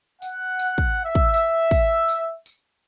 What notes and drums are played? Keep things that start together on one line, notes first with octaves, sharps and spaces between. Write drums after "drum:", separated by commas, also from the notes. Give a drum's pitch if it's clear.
F#5, drum: tambourine
drum: tambourine
drum: kick
E5
drum: kick
drum: tambourine
drum: kick, tambourine
drum: tambourine
drum: tambourine